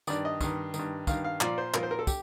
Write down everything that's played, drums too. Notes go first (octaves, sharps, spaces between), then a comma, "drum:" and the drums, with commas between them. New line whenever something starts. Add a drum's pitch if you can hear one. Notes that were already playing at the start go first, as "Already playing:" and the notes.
G2 D#3 D5, drum: tambourine
D#5
G2 D#3, drum: kick, tambourine
D#3, drum: tambourine
G2
G2 D#3 F5, drum: kick, tambourine
F5
A#2 F3 D5, drum: clap
C5
A#2 F3 A#4, drum: clap
C5
A#4
A4
G4, drum: kick, tambourine